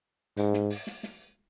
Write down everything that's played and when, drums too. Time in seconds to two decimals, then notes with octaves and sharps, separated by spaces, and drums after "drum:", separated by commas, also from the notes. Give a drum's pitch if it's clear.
0.37 G#2, drum: hi-hat
0.54 drum: snare
0.70 drum: open hi-hat
0.87 drum: snare
1.03 drum: snare